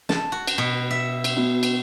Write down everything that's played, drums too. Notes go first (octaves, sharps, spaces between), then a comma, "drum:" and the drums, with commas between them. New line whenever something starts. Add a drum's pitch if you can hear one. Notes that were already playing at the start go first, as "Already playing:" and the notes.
A5, drum: snare
F#4
drum: cymbal
B2
E5
drum: cymbal
B2
drum: cymbal